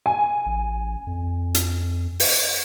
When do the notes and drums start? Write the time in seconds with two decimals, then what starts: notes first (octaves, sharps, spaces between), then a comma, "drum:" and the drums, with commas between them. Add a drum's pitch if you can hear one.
0.06 G#5
0.46 A1
1.07 F2
1.55 drum: hi-hat
2.20 drum: open hi-hat